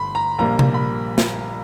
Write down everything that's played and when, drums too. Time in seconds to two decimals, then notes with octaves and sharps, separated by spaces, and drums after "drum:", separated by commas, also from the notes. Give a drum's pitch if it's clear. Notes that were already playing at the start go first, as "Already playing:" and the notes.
Already playing: G1 B5 C6
0.15 A#5
0.38 A#1 A#2 G3 A#3 A#5
0.59 drum: tom C3
0.74 B5
1.18 drum: snare